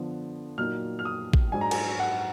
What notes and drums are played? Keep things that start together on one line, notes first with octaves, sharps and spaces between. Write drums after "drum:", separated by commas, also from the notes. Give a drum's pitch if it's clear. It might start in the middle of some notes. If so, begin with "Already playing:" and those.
Already playing: D3 F3 B3
A#2 F#3 A#3 D#4 F6
F6
D#6
drum: kick
G#2 F#3 D4 G#5
A#5
G#5, drum: cymbal
F#5